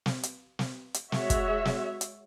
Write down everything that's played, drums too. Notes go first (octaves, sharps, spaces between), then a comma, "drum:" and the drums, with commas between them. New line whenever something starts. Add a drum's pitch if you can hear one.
drum: snare
drum: hi-hat
drum: snare
drum: hi-hat
G#3 F#4 C#5 E5, drum: snare
drum: kick, hi-hat
drum: snare
drum: hi-hat